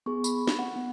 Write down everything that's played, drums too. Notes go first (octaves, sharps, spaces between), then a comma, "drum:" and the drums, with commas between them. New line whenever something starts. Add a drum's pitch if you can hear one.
B3 G#4 C#6
B5, drum: tambourine
drum: snare
F#5
B3